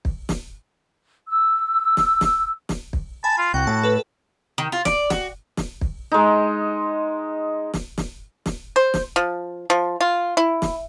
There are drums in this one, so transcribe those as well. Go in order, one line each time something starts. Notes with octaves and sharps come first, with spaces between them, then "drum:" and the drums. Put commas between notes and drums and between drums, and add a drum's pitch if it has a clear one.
drum: kick
drum: snare
E6
drum: snare
drum: snare
drum: snare
drum: kick
G#5 A5 B5
F4
C2 F#4 F#5 G5
A2 A5
A4 B4
D#3
F4
D5, drum: snare
F#4, drum: snare
drum: snare
drum: kick
G#3 D#4
drum: snare
drum: snare
drum: snare
C5
drum: snare
F3
F3
F4
E4
drum: snare